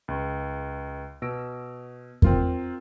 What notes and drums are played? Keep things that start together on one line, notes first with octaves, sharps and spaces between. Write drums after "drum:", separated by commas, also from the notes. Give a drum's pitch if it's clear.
C#2
B2 E6 A#6 D7
C4 F4 A#4, drum: kick F2